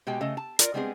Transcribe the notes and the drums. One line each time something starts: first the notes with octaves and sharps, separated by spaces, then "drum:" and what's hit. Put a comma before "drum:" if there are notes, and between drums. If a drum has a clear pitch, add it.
B2 G#3 G4 G5
C#3 A3 D#5
A5
F4 A#4 D5, drum: hi-hat
G3 G#3 B3 C4 F#4 G#4